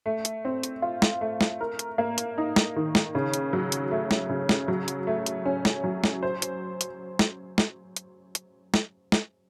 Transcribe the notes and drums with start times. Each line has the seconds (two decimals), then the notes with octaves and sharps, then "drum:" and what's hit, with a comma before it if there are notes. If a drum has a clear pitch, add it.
0.06 A3
0.25 drum: hi-hat
0.45 C4
0.63 drum: hi-hat
0.82 F4
1.02 drum: snare
1.21 A3
1.41 drum: snare
1.61 A#4
1.79 drum: hi-hat
1.98 A#3
2.18 drum: hi-hat
2.38 D#4
2.56 drum: snare
2.76 D#3
2.95 drum: snare
3.15 C#3
3.34 drum: hi-hat
3.53 F#3
3.72 drum: hi-hat
3.91 A3
4.11 drum: snare
4.29 C#3
4.49 drum: snare
4.68 F#3
4.88 drum: hi-hat
5.07 A3
5.26 drum: hi-hat
5.46 C#4
5.65 drum: snare
5.84 F#3
6.04 drum: snare
6.23 C5
6.42 drum: hi-hat
6.81 drum: hi-hat
7.19 drum: snare
7.58 drum: snare
7.96 drum: hi-hat
8.35 drum: hi-hat
8.74 drum: snare
9.12 drum: snare